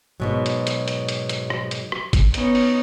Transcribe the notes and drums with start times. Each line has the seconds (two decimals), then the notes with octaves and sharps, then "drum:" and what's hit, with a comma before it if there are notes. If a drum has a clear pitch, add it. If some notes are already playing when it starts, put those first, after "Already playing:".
0.20 G#2 B2 F#3
0.46 drum: hi-hat
0.67 drum: hi-hat
0.88 drum: hi-hat
1.09 drum: hi-hat
1.29 drum: hi-hat
1.50 drum: rim click
1.71 drum: hi-hat
1.92 drum: rim click
2.13 drum: kick F#1, hi-hat
2.34 B3 C#4 D#4, drum: hi-hat
2.55 drum: open hi-hat